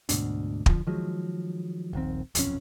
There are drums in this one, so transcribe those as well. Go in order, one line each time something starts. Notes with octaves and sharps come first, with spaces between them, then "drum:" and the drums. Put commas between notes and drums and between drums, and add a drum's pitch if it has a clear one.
D2 G#2 B2 D4, drum: hi-hat
D3 E3 F3, drum: kick
D#3 F3 F#3 G#3
D#1 A#1 D#3 C4
D#1 B1 F2 C#4, drum: hi-hat